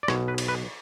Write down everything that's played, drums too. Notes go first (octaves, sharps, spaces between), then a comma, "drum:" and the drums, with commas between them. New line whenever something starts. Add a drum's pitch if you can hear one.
D5
B1 B2 C#5, drum: rim click
B4
drum: cymbal
B4